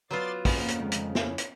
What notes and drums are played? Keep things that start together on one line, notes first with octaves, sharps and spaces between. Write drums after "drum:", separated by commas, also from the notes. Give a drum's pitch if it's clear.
F#3 B3 F4 B4 D5 C6 A6
F2 C#3 F3 A#3 B3 C#4 G4 G#4, drum: kick, open hi-hat
drum: hi-hat
D2 D#3 G#3
drum: hi-hat
C#4 E4 C#5, drum: snare
drum: hi-hat